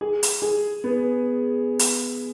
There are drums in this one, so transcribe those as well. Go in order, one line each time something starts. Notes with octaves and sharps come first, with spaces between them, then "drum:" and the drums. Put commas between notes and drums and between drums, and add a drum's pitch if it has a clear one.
G#4
drum: hi-hat
G#4
B3
drum: hi-hat